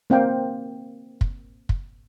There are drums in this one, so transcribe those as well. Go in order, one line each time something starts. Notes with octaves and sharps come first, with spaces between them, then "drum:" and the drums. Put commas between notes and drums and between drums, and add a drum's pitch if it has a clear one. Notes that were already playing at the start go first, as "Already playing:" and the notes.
A#3 C4 F5 G5
drum: kick
drum: kick